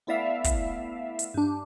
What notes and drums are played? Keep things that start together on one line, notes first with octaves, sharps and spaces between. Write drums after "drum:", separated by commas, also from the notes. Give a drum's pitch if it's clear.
A3 B3 E4 D5 E5 F5
drum: kick, hi-hat
drum: hi-hat
G2 D4